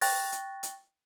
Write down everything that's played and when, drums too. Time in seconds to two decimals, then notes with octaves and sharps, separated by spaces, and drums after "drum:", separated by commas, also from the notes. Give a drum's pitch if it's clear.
0.01 G5 C#6 F#6 A6 A#6, drum: open hi-hat
0.32 drum: hi-hat
0.63 drum: hi-hat